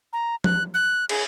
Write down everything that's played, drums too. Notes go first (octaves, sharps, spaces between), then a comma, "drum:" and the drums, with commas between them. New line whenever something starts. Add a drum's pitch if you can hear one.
A#5
F#6, drum: tom F3
F#6
G#4, drum: cymbal